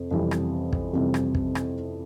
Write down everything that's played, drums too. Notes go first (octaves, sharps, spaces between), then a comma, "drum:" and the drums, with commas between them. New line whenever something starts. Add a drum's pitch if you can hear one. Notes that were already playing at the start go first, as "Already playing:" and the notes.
Already playing: F2 C3
F2 C3 E3 G3
drum: rim click
drum: kick
F2 C3 E3 G3
drum: rim click
drum: kick
drum: rim click